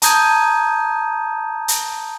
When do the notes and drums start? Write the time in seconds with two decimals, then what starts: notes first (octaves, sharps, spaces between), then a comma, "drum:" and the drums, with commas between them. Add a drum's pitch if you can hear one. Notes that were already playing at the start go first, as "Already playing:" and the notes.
0.02 A5 A#5 D#6 G6 G#6 D#7, drum: hi-hat
1.68 drum: hi-hat